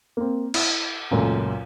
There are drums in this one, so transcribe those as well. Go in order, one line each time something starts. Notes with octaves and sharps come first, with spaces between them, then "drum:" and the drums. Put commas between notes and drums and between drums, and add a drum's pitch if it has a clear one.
A#3 C4
E4, drum: cymbal
C#2 F#2 A#2 A3